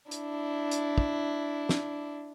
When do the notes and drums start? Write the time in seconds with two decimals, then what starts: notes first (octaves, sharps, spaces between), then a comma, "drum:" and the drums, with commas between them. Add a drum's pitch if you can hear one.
0.11 D4 E4, drum: hi-hat
0.71 drum: hi-hat
0.98 drum: kick
1.69 drum: snare